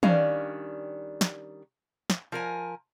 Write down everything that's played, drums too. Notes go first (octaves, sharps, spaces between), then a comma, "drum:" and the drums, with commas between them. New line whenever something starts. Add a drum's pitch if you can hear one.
D#3 G3 C#4 D4 F5, drum: tom
drum: snare
drum: snare
F3 A#4 G#5